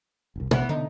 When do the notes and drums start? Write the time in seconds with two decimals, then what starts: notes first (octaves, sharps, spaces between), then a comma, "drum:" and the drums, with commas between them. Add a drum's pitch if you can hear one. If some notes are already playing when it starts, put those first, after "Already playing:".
0.36 E1 C2
0.51 A1 E3 B3, drum: tom
0.69 D3 B3 D4 D#4